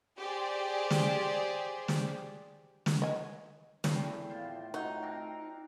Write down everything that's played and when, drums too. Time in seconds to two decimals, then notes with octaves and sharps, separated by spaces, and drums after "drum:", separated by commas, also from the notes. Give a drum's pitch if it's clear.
0.19 G4 G#4 C5 D5
0.90 drum: snare
1.88 drum: snare
2.86 drum: snare
3.02 D#5 G#5
3.84 E2 A3 C4 G4, drum: snare
4.30 A2 F4 C5
4.74 F#3 D#4
5.02 C4 D4 A#4